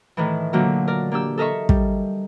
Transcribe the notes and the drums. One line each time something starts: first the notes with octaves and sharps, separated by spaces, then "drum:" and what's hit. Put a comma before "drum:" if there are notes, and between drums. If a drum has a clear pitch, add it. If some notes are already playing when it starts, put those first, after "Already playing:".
A2 D#3 E3
A#2 D3 F#3 A#3 F#4 A#4
A#4 D5
A#3 D4 G4 E6
A4 A#4 D#5 E5 C#6
G3, drum: kick